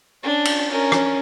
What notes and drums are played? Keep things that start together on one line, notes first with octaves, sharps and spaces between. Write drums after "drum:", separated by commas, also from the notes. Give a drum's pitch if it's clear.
C#4 D4
drum: cymbal
C#4 A#4
drum: rim click